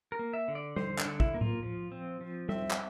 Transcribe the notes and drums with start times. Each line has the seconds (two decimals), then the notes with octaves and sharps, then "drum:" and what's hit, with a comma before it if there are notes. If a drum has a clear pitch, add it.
0.12 A#4
0.19 A#3
0.33 E5
0.48 D3
0.55 D5
0.76 D3 C5, drum: tom G3
0.98 D4, drum: clap
1.06 D3
1.20 E4, drum: kick
1.34 A#3
1.41 F4, drum: tom A2
1.63 F3
1.92 C4
2.21 F3
2.49 C4 E5, drum: tom G3
2.71 drum: clap